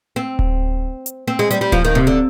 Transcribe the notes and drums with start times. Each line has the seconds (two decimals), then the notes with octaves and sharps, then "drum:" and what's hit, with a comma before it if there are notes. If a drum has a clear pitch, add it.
0.16 C4
0.39 drum: kick D1
1.06 drum: hi-hat
1.28 C4
1.39 G#3
1.51 G3, drum: hi-hat
1.61 G3
1.72 F3, drum: kick D1
1.85 D#3
1.95 C3
2.07 D3